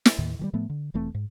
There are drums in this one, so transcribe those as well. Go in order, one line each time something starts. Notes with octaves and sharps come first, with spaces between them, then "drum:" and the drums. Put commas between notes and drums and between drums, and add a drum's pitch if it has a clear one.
drum: snare
D#2 A2 D#3
D#3 E3 G3
A2 F3 A3 B3
D3
E1 E2 A3 C4
G#2